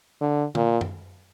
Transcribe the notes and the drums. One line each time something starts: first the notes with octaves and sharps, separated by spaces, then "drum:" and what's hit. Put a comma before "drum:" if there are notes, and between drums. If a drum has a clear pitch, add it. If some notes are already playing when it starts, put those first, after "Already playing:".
D3
A#2, drum: tom
drum: tom F#2